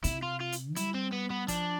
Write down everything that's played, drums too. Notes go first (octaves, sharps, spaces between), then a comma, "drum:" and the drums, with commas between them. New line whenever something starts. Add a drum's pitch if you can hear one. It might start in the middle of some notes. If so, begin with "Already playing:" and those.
C3 E4, drum: hi-hat
F4
F4
drum: hi-hat
G3 E4, drum: hi-hat
C4
B3
B3
F3 D4, drum: kick, hi-hat